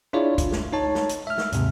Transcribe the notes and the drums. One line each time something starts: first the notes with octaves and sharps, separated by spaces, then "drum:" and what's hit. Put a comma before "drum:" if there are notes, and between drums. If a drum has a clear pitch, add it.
D4 E4 F4 G#4 C#5 D5
G1, drum: kick, hi-hat
drum: snare
D#4 C#5 A5
drum: snare
drum: hi-hat
E5 F6
drum: snare
D#2 G#2 C3, drum: hi-hat